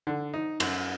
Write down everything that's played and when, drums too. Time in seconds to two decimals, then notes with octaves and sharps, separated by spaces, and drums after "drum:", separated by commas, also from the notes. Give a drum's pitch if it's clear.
0.07 D3
0.34 D#4
0.60 F#2, drum: cymbal